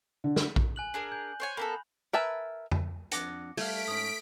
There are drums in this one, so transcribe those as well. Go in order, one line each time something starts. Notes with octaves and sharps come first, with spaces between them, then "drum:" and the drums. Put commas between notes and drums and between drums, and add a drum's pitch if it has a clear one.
D3
drum: snare
drum: kick A#1
G#5 F#6 F#7
D4 G#4 A#4
G6
C5 C#5 G#5
A#3 B3 A4 B5
A#4 B4 E5 G#5 A5
drum: tom F2
F2 D4 F#5 D6 A#6 C#7, drum: hi-hat
G3 A3 F5 F6 G#6 B6 D7, drum: open hi-hat
G#2 C#4 D#6